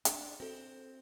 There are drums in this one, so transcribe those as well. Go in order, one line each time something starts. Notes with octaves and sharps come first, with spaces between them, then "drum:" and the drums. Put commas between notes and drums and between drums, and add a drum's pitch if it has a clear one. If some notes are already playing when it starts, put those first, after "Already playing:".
D4, drum: hi-hat
C4 F#4 A4